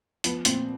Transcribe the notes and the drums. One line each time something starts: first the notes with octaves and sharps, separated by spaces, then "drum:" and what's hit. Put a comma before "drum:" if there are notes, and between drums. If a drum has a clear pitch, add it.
F3 B3, drum: hi-hat
A#2 C4, drum: hi-hat